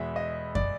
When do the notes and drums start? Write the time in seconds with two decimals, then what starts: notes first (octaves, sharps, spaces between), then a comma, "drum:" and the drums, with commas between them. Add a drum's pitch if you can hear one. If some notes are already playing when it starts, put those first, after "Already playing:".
Already playing: E2 B2 G#3 B3 E5
0.16 D#5
0.55 D5, drum: kick F#2